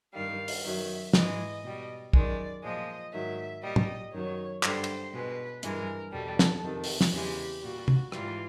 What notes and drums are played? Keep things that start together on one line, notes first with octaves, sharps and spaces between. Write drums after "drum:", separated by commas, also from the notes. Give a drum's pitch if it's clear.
G2 D#3 G3 F5
drum: open hi-hat
F#2 D#3 F#3 E5
G#2 E3 G#3 D#5, drum: snare
B2 G3
F#2 D#3 G#3 D5, drum: kick
A#2 F3 G#3 D#5
G#2 D#3 F#3 E5
A#2 G3 D#5
drum: tom
F#2 D#3 F#3 C#5
G2 D3 G3 C5, drum: clap
drum: cymbal
B2 G#3 B4
G2 E3 G#3 A#4, drum: hi-hat
E2 B2 G3 A4
drum: snare
F2 C3 D#3
drum: open hi-hat
drum: snare
E2 C#3 E3 G#3 G4
A#2 G3 F#4
drum: tom
G#2 E3 G3 F4, drum: rim click